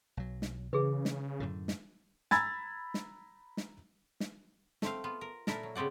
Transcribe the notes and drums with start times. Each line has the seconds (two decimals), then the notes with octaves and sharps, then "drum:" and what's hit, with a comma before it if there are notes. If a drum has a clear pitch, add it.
0.17 B1 F#3
0.42 drum: snare
0.73 C#3 E3 G#4 B4
1.05 drum: snare
1.40 F#2 A2 D3
1.68 drum: snare
2.31 A#5 B5 E6 G#6 A6, drum: snare
2.94 drum: snare
3.57 drum: snare
4.20 drum: snare
4.82 A3 C4 F5, drum: snare
5.04 B3 F4
5.21 A#4
5.47 A#2 E4 A4 A#4, drum: snare
5.63 F#3
5.75 C#3 B3 C4 D5 F#5